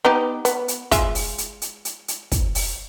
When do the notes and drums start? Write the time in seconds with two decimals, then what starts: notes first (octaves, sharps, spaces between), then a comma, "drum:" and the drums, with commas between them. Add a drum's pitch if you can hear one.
0.05 B3 D#4 G4
0.45 B3, drum: hi-hat
0.68 drum: hi-hat
0.91 G#3 F4 E5, drum: kick, hi-hat
1.15 drum: open hi-hat
1.38 drum: hi-hat
1.62 drum: hi-hat
1.85 drum: hi-hat
2.08 drum: hi-hat
2.32 drum: kick, hi-hat
2.55 drum: open hi-hat